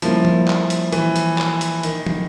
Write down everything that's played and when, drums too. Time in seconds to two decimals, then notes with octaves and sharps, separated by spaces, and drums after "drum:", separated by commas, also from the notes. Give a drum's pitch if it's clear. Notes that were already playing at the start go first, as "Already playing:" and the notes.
0.02 F3 G3 A#3 C#4 E4, drum: hi-hat
0.25 drum: tom
0.47 drum: clap
0.70 drum: hi-hat
0.92 E3, drum: hi-hat
1.16 drum: hi-hat
1.38 drum: clap
1.61 drum: hi-hat
1.83 D#3, drum: hi-hat
2.06 drum: tom